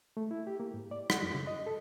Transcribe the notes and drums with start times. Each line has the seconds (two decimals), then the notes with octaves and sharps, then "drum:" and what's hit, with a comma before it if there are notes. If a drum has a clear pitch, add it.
0.17 A3
0.31 E4
0.47 G4
0.60 A#3
0.74 G#2
0.91 D5
1.10 F#5, drum: rim click
1.23 F#2
1.34 C#3
1.47 D#5
1.66 A4